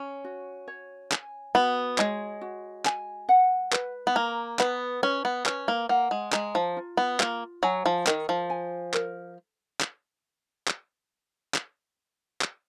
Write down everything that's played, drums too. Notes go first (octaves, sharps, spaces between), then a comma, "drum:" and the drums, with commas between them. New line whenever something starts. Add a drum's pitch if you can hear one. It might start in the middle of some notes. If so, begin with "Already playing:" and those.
Already playing: C#4
F#4
C#5
G#5, drum: clap
B3 F#4
G#3 C#5, drum: clap
F#4
G#5, drum: clap
F#5
B4, drum: clap
B3
A#3 A#5
B3 B4, drum: clap
C#4 B4
B3
C#4 B4, drum: clap
A#3
A#3 F#5
G#3
G#3 A#5, drum: clap
F3
F4
B3
A#3 F4, drum: clap
F#3 G#5
F3
D#3 A#4, drum: clap
F3
G#5
A#4, drum: clap
drum: clap
drum: clap
drum: clap
drum: clap